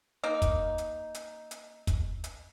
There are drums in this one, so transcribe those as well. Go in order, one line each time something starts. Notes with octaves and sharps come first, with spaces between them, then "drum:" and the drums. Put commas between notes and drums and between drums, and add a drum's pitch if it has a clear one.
A#3 D#4
drum: kick, hi-hat
drum: hi-hat
drum: hi-hat
drum: hi-hat
drum: kick, hi-hat
drum: hi-hat